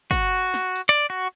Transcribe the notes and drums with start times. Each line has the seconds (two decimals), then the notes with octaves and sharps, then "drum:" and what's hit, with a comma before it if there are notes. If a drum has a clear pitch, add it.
0.11 F#4, drum: kick, tambourine
0.54 drum: snare
0.75 drum: tambourine
0.89 D5
1.10 F#4